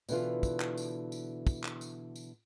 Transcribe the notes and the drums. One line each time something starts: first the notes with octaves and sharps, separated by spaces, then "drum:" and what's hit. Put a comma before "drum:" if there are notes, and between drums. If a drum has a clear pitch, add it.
B2 D3 E3 F4, drum: tambourine
drum: kick, tambourine
drum: clap
drum: tambourine
drum: tambourine
drum: kick, tambourine
drum: clap
drum: tambourine
drum: tambourine